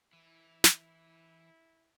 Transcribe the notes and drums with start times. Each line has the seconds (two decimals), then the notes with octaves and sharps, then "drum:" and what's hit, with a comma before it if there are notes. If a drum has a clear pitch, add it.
0.13 E3 E4
0.64 drum: snare